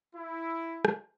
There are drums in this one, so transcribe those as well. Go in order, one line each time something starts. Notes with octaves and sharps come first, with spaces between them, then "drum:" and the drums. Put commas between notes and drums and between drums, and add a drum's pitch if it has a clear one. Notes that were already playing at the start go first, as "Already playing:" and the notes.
E4
drum: rim click